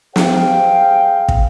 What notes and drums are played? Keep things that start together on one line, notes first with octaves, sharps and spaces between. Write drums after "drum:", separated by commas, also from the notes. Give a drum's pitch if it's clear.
G#4 C5 F5 G5, drum: snare
drum: kick